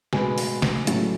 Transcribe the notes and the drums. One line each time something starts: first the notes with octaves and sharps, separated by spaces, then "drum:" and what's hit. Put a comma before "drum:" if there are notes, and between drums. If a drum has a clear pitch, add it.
B2 G#3 B3 G#5, drum: snare
drum: open hi-hat
drum: snare
A2 F#3 A3, drum: hi-hat